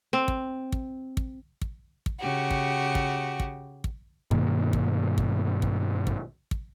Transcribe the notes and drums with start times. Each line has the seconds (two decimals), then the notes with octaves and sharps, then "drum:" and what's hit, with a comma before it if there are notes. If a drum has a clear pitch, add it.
0.13 C4
0.28 drum: kick
0.72 drum: kick
1.17 drum: kick
1.61 drum: kick
2.06 drum: kick
2.19 C#3 F#4 G4
2.51 drum: kick
2.95 drum: kick
3.40 drum: kick
3.84 drum: kick
4.31 G2 B2 D#3 A#3, drum: kick
4.73 drum: kick
5.18 drum: kick
5.62 drum: kick
6.07 drum: kick
6.51 drum: kick